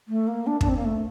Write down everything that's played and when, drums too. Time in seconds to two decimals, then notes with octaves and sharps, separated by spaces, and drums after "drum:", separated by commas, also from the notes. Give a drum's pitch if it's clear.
0.08 A3
0.27 A#3
0.47 D4
0.61 D4, drum: kick
0.69 C4
0.76 A#3
0.85 A3